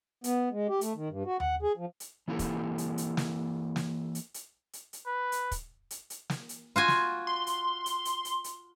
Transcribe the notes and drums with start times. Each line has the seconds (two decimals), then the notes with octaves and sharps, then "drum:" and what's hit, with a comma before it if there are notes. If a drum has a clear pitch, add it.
0.24 B3, drum: hi-hat
0.52 G#3
0.69 G4
0.81 A3, drum: hi-hat
0.95 D#3
1.09 G2
1.25 F#4
1.40 F#5, drum: tom D#2
1.62 G#4
1.77 F3
2.00 drum: hi-hat
2.28 E3 A#3 E4 G4 A4
2.39 drum: kick, hi-hat
2.78 drum: hi-hat
2.98 drum: hi-hat
3.17 drum: snare
3.76 drum: snare
4.15 drum: hi-hat
4.34 drum: hi-hat
4.73 drum: hi-hat
4.93 drum: hi-hat
5.06 B4
5.32 drum: hi-hat
5.51 drum: kick, hi-hat
5.91 drum: hi-hat
6.10 drum: hi-hat
6.30 drum: snare
6.49 drum: hi-hat
6.76 F4 F#4 G#5
6.88 drum: snare
7.27 C6
7.47 drum: hi-hat
7.86 drum: hi-hat
8.05 drum: hi-hat
8.25 drum: hi-hat
8.44 drum: hi-hat